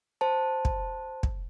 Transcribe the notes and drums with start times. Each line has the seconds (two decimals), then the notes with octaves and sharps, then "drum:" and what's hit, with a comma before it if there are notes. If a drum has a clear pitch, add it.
0.21 C5 A5
0.65 drum: kick
1.23 drum: kick